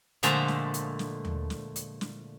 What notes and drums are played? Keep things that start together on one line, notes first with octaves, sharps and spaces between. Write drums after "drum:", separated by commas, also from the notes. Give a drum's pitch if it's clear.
A#2 D3 F3 G#3 A3 A#5, drum: hi-hat
drum: snare
drum: hi-hat
drum: snare
drum: tom D#2
drum: snare
drum: hi-hat
drum: snare